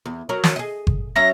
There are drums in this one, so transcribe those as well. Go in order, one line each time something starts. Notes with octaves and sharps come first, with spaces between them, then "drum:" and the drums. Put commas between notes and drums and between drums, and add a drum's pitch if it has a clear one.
E2
F#3 A#4
drum: snare
G#4 D#5
drum: kick G1
F#3 C#4 E5 A#6